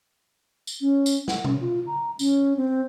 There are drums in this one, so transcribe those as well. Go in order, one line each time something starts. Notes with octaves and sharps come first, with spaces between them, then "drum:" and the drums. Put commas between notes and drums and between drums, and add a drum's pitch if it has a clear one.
drum: tambourine
C#4
drum: tambourine
F#5, drum: snare
C#4, drum: tom B2
F4
A#5
C#4, drum: tambourine
C4